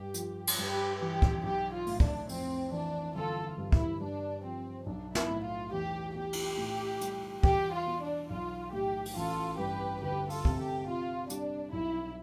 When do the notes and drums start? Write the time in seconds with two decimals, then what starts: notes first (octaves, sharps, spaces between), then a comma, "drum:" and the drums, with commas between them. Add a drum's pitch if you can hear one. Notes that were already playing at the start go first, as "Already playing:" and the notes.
Already playing: G2 G4
0.14 F3, drum: hi-hat
0.47 drum: cymbal
0.58 G2 G4 B4
1.01 E3 G4
1.22 drum: kick
1.43 B1 G4
1.72 F4
1.87 A2, drum: open hi-hat
2.00 D4, drum: kick
2.29 F2 C4, drum: open hi-hat
2.72 E3 D4
3.15 G1 F4 A4
3.44 F4
3.58 G2
3.72 E4, drum: kick
4.00 G2 D4
4.43 F3 C4
4.86 B1 D4
5.15 E4, drum: snare
5.30 A2
5.43 F4
5.72 E2 G4
6.15 B2 G4
6.33 drum: cymbal
6.58 A2
7.01 G3, drum: hi-hat
7.43 E2 G4, drum: kick
7.73 F4
7.86 B2
8.02 D4
8.30 B1 F4
8.73 A2 G4
9.06 drum: open hi-hat
9.16 A1 F4 A4
9.58 G2 G4 B4
10.02 D2 G4 B4
10.30 F4 A4, drum: open hi-hat
10.45 C3, drum: kick
10.59 G4
10.87 C3 F4
11.30 G3 D4, drum: hi-hat
11.72 B1 E4